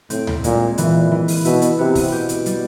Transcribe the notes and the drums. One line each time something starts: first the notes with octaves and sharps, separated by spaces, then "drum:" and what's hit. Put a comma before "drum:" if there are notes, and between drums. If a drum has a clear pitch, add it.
A2 C4, drum: hi-hat
drum: tom D2
A#2 G#3, drum: hi-hat
A#2 E3, drum: hi-hat
E3
drum: open hi-hat
B2 E4, drum: hi-hat
drum: hi-hat
C3 B3
drum: kick, open hi-hat
B2 G4
drum: hi-hat
G3, drum: hi-hat